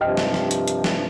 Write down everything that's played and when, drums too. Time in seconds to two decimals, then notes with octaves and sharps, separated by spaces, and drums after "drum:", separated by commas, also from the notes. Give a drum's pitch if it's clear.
0.01 G2 C3 F3 D#5 G5 F6
0.17 drum: snare
0.34 drum: snare
0.51 drum: hi-hat
0.68 drum: hi-hat
0.84 drum: snare